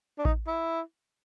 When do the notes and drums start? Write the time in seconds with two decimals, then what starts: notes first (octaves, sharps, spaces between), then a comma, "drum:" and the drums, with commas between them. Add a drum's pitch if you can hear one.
0.18 D4
0.25 D#4, drum: kick A1
0.47 E4